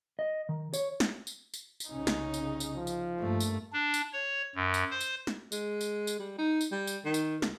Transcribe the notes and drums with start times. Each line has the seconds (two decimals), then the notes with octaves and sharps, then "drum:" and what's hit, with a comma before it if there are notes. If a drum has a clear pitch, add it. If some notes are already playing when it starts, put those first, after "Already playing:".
0.19 D#5
0.49 D#3
0.74 C#5, drum: tambourine
1.00 drum: snare
1.27 drum: tambourine
1.54 drum: tambourine
1.80 drum: tambourine
1.90 C2 C#3 C#4 D#4
2.07 drum: snare
2.34 drum: tambourine
2.60 drum: tambourine
2.77 F3
2.87 drum: tambourine
3.19 G2 A3 A#3
3.40 drum: tambourine
3.73 D4
3.94 drum: tambourine
4.13 C#5
4.55 F#2
4.74 drum: tambourine
4.91 C5
5.01 drum: tambourine
5.27 drum: snare
5.52 G#3, drum: tambourine
5.81 drum: tambourine
6.07 drum: tambourine
6.20 G3
6.38 D#4
6.61 drum: tambourine
6.72 G3
6.87 drum: tambourine
7.05 D#3
7.14 drum: tambourine
7.42 C#2, drum: snare